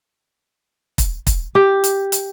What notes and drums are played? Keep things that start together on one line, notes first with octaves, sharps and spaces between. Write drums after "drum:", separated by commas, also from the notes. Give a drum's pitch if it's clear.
drum: kick, hi-hat
drum: kick, hi-hat
G4
drum: hi-hat
drum: hi-hat